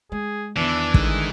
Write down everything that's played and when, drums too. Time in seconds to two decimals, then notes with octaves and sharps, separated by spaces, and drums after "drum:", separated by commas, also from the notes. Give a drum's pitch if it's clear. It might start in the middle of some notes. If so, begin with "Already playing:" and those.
0.12 G#3 G#4
0.56 E2 D#3 E3 D4 E5
0.94 D3 D#3 G3 G#3, drum: kick